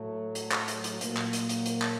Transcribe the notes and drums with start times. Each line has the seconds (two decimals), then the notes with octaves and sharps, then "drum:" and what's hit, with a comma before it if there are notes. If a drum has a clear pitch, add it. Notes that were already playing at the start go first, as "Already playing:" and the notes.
Already playing: A2 F#3 A3
0.35 drum: hi-hat
0.52 drum: clap
0.68 drum: hi-hat
0.84 drum: hi-hat
1.01 A#2 F#3 A#3, drum: hi-hat
1.17 drum: clap
1.33 drum: hi-hat
1.49 drum: hi-hat
1.66 drum: hi-hat
1.82 drum: clap